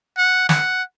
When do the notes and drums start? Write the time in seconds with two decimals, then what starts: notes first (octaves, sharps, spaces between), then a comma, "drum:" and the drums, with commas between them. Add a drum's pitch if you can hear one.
0.18 F#5
0.49 F#5, drum: snare